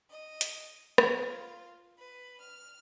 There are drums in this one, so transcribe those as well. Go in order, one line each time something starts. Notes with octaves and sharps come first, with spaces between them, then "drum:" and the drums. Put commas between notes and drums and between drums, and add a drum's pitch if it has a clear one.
D#5
drum: hi-hat
F4, drum: rim click
B4
F6